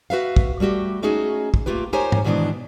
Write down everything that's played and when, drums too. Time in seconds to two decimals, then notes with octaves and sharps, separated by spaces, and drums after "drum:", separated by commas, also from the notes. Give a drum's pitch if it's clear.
0.10 F#4 B4 E5 F5
0.36 drum: kick
0.60 G3 A3 F#4 G4
1.02 A3 C#4 D#4 F#4 G#4
1.54 drum: kick
1.66 A3 A#3 F4 G4 B4
1.93 D#4 G4 A#4 C5 C#5 G#5
2.12 drum: tom G#2
2.24 G#2 B2 D#3 E3 D4